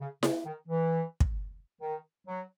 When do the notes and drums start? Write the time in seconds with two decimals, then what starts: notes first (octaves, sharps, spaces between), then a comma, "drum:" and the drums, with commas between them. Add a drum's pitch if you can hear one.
0.01 C#3
0.23 C#3, drum: snare E4
0.46 D#3
0.68 E3
1.20 drum: kick
1.81 D#3
2.27 F#3